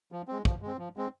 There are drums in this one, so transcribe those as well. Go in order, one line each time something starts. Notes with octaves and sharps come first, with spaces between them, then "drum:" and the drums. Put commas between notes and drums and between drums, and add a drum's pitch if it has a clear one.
F3
G#3 C4
F3, drum: kick
G#3 C4
F3
G#3 C4